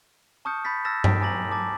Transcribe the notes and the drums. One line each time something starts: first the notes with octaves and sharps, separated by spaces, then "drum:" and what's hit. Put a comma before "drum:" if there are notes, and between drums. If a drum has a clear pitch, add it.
A5 C#6 D#6 F6 G6 C#7
B5 G6 A6 B6
A5 E6 F6 A6 A#6 E7
B6 D7, drum: tom G2
G#5 A#5 D6 A6 A#6 F#7
A5 D6 A6 A#6